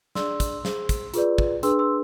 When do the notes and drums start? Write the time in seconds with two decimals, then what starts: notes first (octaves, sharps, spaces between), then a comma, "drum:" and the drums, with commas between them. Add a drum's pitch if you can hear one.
0.15 D4 G#4 D5 C6 E6, drum: snare
0.40 drum: kick, hi-hat
0.65 G#4 C5, drum: snare
0.89 drum: kick, hi-hat
1.14 F4 G#4 B4 D5, drum: hi-hat
1.38 drum: kick
1.63 D4 G#4 B4 C6 E6, drum: hi-hat
1.79 C6 E6